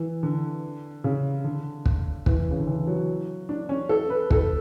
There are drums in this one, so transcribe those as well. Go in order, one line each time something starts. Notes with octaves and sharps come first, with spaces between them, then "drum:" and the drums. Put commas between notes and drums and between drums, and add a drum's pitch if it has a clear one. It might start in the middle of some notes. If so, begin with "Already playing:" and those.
Already playing: E3
D3
C#3
D3
drum: kick
E3, drum: kick
C#3
D3
E3
F#3
D4
C#4
A4
B4
A4, drum: kick